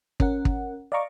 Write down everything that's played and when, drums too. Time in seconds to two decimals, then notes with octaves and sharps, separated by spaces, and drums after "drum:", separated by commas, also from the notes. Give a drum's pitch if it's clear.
0.20 C#4 A#4 F#5, drum: kick
0.45 drum: kick
0.92 D5 D#5 F5 A#5 C#6 D6